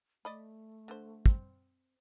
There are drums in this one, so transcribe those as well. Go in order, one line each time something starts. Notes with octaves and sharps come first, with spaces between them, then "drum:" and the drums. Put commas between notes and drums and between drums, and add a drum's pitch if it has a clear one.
A3 D5 D#5 B5
D3 C5
C4, drum: kick